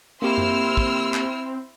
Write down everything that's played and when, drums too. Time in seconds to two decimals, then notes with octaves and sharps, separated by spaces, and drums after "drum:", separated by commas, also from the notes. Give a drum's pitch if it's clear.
0.22 A#3 C4 E4 G4 C6 E6 F6
0.38 drum: tom F#2
0.77 drum: kick
1.14 drum: clap